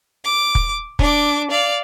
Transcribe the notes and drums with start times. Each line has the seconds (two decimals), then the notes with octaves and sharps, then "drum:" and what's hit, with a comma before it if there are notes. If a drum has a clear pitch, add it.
0.24 D6
0.55 drum: kick
0.99 D4 D6, drum: kick
1.51 D5 F5